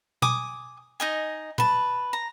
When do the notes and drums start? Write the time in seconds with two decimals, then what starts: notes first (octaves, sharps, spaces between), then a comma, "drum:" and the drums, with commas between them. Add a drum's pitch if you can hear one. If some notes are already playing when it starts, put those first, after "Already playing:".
0.22 G#5 D6 D#6, drum: tom B2
1.00 D#4 D#5 G#5
1.58 B4 A5, drum: tom A#2
2.13 A#5